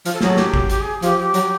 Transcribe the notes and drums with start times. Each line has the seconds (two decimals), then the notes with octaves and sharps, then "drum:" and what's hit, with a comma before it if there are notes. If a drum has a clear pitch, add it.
0.05 F3, drum: hi-hat
0.13 A4
0.21 F#3 G#4, drum: snare
0.30 A4
0.37 G4, drum: snare
0.54 drum: kick G#1
0.70 G4, drum: hi-hat
0.81 G#4
1.02 F3 G4, drum: hi-hat
1.19 G4
1.34 F#3, drum: hi-hat